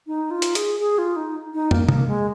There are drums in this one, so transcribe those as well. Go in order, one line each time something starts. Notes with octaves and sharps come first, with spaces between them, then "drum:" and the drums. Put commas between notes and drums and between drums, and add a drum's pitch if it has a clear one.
D#4
F4
drum: hi-hat
G#4, drum: hi-hat
G#4
F4
D#4
D#4
A#3, drum: tom
A#3, drum: tom C3
G#3